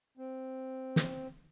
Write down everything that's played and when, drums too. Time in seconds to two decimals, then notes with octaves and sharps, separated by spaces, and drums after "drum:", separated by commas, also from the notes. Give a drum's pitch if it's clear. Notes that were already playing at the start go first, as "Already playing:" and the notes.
0.17 C4
0.96 drum: snare